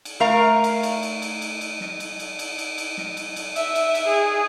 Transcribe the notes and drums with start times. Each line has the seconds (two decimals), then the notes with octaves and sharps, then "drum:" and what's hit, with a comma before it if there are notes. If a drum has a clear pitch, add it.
0.05 drum: cymbal
0.20 A3 A#4 F5 A#5
0.64 drum: cymbal
0.83 drum: cymbal
1.03 drum: cymbal
1.22 drum: cymbal
1.42 drum: cymbal
1.61 drum: cymbal
1.81 drum: snare
2.00 drum: cymbal
2.20 drum: cymbal
2.39 drum: cymbal
2.59 drum: cymbal
2.78 drum: cymbal
2.97 drum: snare
3.17 drum: cymbal
3.36 drum: cymbal
3.56 E5, drum: cymbal
3.75 drum: cymbal
3.95 drum: cymbal
4.08 G#4